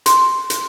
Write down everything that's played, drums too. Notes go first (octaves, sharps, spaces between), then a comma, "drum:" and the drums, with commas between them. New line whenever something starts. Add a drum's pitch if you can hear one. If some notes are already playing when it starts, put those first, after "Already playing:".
C6, drum: hi-hat
drum: hi-hat